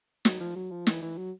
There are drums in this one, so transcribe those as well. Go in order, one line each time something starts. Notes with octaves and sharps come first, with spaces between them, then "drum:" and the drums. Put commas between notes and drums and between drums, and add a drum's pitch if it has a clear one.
F#3, drum: snare
F3
F#3
F3
E3, drum: snare
E3
F#3